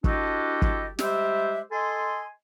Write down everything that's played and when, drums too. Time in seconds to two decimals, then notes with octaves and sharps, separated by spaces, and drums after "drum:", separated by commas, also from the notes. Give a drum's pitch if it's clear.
0.04 D4 E4 F#4 G4 A4 D#5, drum: kick
0.62 drum: kick
0.99 G3 G#3 G4 C5 E5, drum: snare
1.71 A4 D#5 G#5 C6